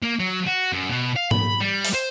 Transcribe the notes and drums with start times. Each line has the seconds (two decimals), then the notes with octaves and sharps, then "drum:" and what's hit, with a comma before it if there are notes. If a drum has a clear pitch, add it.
0.02 A#3
0.19 F#3
0.46 F#4
0.73 F#2
0.90 B2
1.16 F5
1.31 B5, drum: tom
1.60 G3
1.85 drum: open hi-hat
1.94 C5